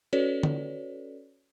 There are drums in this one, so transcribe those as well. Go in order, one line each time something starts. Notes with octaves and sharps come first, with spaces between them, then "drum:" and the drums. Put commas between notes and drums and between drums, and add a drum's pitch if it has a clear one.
C#4 F#4 A4 B4 C#5 D5
drum: tom D3